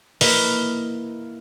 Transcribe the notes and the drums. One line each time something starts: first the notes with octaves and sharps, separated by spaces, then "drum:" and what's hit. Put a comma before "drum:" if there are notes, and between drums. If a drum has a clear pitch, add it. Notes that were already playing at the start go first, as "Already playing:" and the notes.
A#3 E4 B4 D#5 F6 B6, drum: open hi-hat